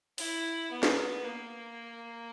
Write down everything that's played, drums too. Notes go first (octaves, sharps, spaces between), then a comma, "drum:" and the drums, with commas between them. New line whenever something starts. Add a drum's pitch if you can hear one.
E4, drum: open hi-hat
B3
drum: snare
A#3